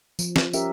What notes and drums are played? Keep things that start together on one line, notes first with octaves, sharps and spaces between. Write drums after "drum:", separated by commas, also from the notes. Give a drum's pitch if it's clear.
F3, drum: tambourine
drum: snare
C#4 G4 A#4 E5, drum: tambourine